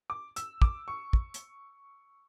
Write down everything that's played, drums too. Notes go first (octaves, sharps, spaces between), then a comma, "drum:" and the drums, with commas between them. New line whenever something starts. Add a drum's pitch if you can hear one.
D6
E6, drum: hi-hat
D6, drum: kick
C#6
drum: kick
drum: hi-hat